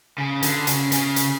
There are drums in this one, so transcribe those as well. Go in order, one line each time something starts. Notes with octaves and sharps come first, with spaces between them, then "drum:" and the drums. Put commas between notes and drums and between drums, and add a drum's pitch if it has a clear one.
C#3
D3, drum: hi-hat
C#3, drum: hi-hat
C#3, drum: hi-hat
drum: hi-hat